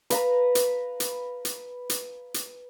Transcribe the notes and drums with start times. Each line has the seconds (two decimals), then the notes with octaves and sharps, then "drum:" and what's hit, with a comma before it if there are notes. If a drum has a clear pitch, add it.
0.10 B4 F5 A#5, drum: hi-hat
0.55 drum: hi-hat
1.00 drum: hi-hat
1.45 drum: hi-hat
1.89 drum: hi-hat
2.34 drum: hi-hat